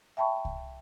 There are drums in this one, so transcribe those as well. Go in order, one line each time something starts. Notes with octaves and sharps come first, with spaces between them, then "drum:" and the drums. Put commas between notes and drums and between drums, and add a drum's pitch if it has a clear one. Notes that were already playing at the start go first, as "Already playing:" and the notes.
E5 G5 A5 B5 C#6
drum: kick C2